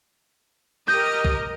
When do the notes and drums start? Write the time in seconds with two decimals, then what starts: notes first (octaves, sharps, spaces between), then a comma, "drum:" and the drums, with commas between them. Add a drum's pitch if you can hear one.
0.88 G4 A#4 D#5 G6
1.25 drum: kick